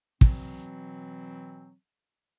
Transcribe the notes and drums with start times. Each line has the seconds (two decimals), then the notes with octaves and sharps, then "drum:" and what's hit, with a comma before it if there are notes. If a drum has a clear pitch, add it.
0.21 B2 E3 F#3 C4, drum: kick